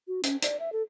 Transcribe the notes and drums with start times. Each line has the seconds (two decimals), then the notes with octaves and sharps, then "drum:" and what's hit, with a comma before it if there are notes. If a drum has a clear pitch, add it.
0.08 F#4
0.23 C#4, drum: hi-hat
0.42 D5, drum: hi-hat
0.60 E5
0.73 A4